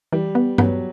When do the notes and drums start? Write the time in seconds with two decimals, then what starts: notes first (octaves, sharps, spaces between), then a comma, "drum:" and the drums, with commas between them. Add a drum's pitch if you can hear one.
0.12 E3 G3
0.35 B3
0.58 F#3 B3, drum: tom G2